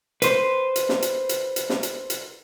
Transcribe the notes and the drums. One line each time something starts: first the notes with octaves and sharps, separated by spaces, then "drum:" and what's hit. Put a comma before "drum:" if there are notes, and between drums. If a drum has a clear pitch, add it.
B4 C5, drum: hi-hat
drum: hi-hat
drum: snare
drum: hi-hat
drum: hi-hat
drum: hi-hat
drum: snare
drum: hi-hat
drum: hi-hat